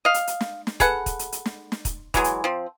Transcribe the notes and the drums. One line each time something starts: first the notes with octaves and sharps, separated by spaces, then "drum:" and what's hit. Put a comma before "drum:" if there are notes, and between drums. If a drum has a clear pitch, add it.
D#5 F5
drum: hi-hat
drum: hi-hat
drum: snare
drum: snare
G#4 A4 B4 F#5, drum: kick, hi-hat
drum: kick, hi-hat
drum: hi-hat
drum: hi-hat
drum: snare
drum: snare
drum: kick, hi-hat
E3 F#3 G#3, drum: kick, hi-hat
drum: hi-hat
F3 C4